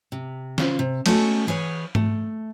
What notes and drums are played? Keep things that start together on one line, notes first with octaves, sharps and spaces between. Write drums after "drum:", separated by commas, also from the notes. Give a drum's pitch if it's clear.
C3
C#3 F4 C5, drum: snare
C3
G#3 A3 B3 C#4 F#4 A4, drum: cymbal
E3 G#4 B4 C#5
A3, drum: tom G#2